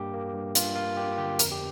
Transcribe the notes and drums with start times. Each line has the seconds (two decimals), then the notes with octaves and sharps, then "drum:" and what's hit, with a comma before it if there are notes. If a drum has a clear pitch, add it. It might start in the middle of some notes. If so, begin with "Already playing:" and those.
Already playing: G2 A#3 G4
0.14 A#3
0.33 G2
0.55 G2 F4, drum: hi-hat
0.76 A#3 F4
0.97 A#3 G4
1.18 D3 G4
1.39 F2 A#4, drum: hi-hat
1.52 G4